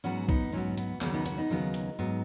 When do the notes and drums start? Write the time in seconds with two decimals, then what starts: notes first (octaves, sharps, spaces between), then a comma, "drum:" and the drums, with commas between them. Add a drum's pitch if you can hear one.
0.04 G#2 F#3 B3 C#4 F#4
0.29 B3 D#4, drum: kick
0.52 G#2 F#3 B3 C#4
0.78 B3, drum: hi-hat
1.01 D#2 C#3 F#3 B3 C#4, drum: clap
1.13 B3 D#4
1.26 C#4 F#4, drum: hi-hat
1.38 B3 D#4
1.50 D#2 C#3 F#3 B3
1.74 drum: hi-hat
1.99 G#2 F#3 B3